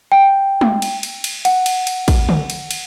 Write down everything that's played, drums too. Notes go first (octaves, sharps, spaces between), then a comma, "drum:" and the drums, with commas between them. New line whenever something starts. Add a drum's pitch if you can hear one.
G5
drum: tom
drum: cymbal
drum: cymbal
drum: cymbal
F#5, drum: cymbal
drum: cymbal
drum: cymbal
drum: kick, cymbal
drum: tom
drum: cymbal
drum: cymbal